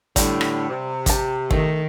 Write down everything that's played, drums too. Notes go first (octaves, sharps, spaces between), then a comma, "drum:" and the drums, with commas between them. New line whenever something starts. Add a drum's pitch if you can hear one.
A2 D3 G3, drum: kick, hi-hat
drum: rim click
C3
G4 A5, drum: kick, hi-hat
D#3 A3, drum: kick